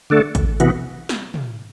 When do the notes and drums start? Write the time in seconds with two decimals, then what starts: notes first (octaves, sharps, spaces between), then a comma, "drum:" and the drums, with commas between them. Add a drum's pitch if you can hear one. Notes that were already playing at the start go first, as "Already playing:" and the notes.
0.10 D3 A3 D4 A4
0.35 D2, drum: kick A1, hi-hat
0.60 C3 E3 B3 F#4, drum: hi-hat
1.09 drum: snare
1.34 drum: tom